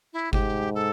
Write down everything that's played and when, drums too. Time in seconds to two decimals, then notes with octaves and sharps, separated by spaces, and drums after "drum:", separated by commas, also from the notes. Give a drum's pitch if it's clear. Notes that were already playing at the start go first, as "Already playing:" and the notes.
0.13 E4
0.33 G#2 G4, drum: kick G1
0.75 A4